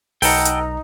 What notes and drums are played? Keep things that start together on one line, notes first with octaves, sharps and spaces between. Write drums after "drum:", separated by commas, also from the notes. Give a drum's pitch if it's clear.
B1 D#4 A4 B4 F#5 G5 A#5, drum: open hi-hat
drum: hi-hat